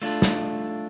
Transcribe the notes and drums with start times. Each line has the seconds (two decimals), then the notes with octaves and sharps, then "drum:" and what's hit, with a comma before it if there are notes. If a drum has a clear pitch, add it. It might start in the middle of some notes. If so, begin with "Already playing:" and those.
0.02 A3 D4 F4
0.22 drum: snare